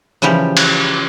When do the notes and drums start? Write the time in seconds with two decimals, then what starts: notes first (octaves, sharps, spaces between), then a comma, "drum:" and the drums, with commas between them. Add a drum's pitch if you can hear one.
0.22 C#3 E3 F3 G3 G4
0.57 drum: cymbal